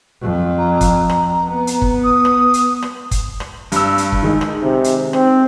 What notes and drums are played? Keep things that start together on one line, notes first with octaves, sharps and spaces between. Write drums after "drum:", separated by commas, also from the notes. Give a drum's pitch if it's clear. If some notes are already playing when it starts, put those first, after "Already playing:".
F2
A#5
drum: kick F#1, hi-hat
drum: rim click
B3
drum: hi-hat
drum: kick F#1
D#6
drum: rim click
drum: hi-hat
drum: rim click
drum: kick F#1, hi-hat
drum: rim click
G2 E6, drum: hi-hat
drum: hi-hat
drum: kick F#1
D#3 G#3 D#4
drum: rim click
C3
drum: hi-hat
C4, drum: rim click